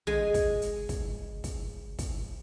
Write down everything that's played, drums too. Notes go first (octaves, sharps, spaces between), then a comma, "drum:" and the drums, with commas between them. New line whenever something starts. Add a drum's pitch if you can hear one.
G#3 G#5, drum: tom
drum: kick, hi-hat
drum: hi-hat
drum: kick, hi-hat
drum: kick, hi-hat
drum: kick, hi-hat